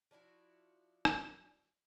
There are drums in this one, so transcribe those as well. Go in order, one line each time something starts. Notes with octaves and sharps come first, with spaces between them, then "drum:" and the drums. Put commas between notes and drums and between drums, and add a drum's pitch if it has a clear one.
F3 D4 E4 F#4
drum: rim click